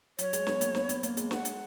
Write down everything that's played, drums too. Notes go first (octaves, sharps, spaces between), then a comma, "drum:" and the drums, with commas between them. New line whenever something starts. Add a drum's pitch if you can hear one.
F#3 C#5, drum: hi-hat
G#3, drum: hi-hat
B3, drum: snare
A#3, drum: hi-hat
B3, drum: snare
B3, drum: hi-hat
A#3, drum: hi-hat
G#3, drum: hi-hat
F#5, drum: snare
drum: hi-hat